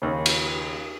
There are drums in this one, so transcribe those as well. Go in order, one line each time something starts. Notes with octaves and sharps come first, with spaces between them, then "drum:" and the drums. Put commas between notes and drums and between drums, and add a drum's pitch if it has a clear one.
D#2 C#3
drum: cymbal